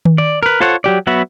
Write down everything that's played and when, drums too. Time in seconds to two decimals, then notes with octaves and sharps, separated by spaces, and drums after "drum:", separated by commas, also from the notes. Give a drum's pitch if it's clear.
0.05 drum: tom D#3
0.18 D5
0.43 A#4 B4
0.60 F4 A4 C5 C#5 F#5
0.84 F#3 G4 D5
1.07 F#3 B3 F#4 E5 B5